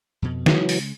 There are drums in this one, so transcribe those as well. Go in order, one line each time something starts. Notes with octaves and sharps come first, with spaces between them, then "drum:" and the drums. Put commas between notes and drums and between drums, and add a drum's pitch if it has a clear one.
F2 B2
C#3 E3 F#3 G#3, drum: snare
drum: open hi-hat